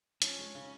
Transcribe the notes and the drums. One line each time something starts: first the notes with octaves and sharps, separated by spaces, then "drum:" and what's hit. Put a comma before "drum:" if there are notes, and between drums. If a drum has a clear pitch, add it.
F3 C#4, drum: hi-hat
G#3
C#3